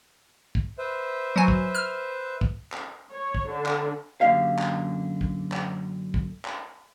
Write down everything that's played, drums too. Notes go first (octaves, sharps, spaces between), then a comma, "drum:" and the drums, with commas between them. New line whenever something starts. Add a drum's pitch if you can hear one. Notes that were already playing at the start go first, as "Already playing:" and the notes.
drum: kick
B4 C5 E5
F#3 G#5
drum: kick
F6
drum: kick
drum: clap
C#5
drum: kick
D3
drum: clap
F#2 D3 D#3 A#3 G4 F5
drum: clap
drum: kick
drum: clap
drum: kick
drum: clap